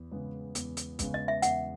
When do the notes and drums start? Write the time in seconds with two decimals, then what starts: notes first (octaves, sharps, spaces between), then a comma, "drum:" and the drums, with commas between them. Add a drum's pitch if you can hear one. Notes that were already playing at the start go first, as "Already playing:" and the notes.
Already playing: E2
0.12 C#3 G#3 B3
0.55 E2, drum: hi-hat
0.77 drum: hi-hat
0.99 C#3 G#3 B3, drum: kick, hi-hat
1.14 D#5
1.28 E5
1.42 E2 F#5, drum: hi-hat